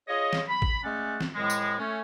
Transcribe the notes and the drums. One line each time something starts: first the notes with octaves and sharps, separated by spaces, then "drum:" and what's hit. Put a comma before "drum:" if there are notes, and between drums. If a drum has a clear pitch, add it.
F4 G#4 C#5 D#5
drum: snare
B5
drum: kick A1
G#3 A3 C#4 D5 F#5
drum: snare
C2 A2 G#3
drum: tambourine
A3 C#4